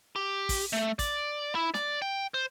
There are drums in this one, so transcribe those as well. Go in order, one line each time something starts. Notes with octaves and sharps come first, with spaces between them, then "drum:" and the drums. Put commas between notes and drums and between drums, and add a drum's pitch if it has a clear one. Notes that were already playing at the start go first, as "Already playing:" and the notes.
G4
drum: kick, open hi-hat
A3
D5, drum: kick, hi-hat
E4
D5, drum: snare
G5
C5